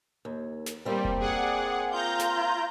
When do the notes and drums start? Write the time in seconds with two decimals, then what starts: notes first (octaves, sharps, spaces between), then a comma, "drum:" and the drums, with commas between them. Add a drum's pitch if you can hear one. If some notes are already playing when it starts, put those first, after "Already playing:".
0.25 D#2
0.66 drum: snare
0.85 G3 A#3 C4
1.05 drum: kick F1
1.20 G#4 D5 F#5
1.92 F4 A#5 G6
2.20 drum: snare